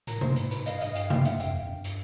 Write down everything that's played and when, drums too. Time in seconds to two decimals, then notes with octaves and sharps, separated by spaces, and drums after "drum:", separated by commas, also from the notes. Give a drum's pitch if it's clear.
0.07 A2 A#4, drum: hi-hat
0.21 G2 C5, drum: tom C3
0.30 G#2
0.36 B4, drum: hi-hat
0.51 G#2 B4, drum: hi-hat
0.66 G2 D#5 F5, drum: hi-hat
0.81 G2 D#5 F5, drum: hi-hat
0.95 F5 G5, drum: hi-hat
1.10 F5 G5, drum: tom C3
1.25 E5 F#5, drum: hi-hat
1.40 F2 F5 G5, drum: hi-hat
1.51 E2
1.63 F#2
1.73 G2
1.84 drum: hi-hat